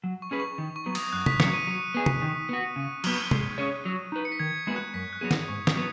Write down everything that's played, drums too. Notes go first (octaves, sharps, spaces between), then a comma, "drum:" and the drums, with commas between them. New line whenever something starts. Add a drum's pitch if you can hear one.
F#3
C#6
C#4 G#4 B4
C#6
D#3
C#6
F#3 B3
D#6, drum: cymbal
F#2 F#6
B6, drum: tom C3
C#3 F#3 C#7, drum: snare
D#7
F#3
B3 G#4
drum: tom C3
D#3
B3 F#4
C#3 D#7
F#3 B3, drum: cymbal
D#7
G#3, drum: tom C3
C#4 G#4 C#5
F#3
D#4 B4
C#7
B6
D#3 G#6
G#3 B3 F#4 B4
F#6
F#2 B6
F#6
F#3 B3 G#4
D#6, drum: snare
G#2 C#6
D#6, drum: snare
F#3 B3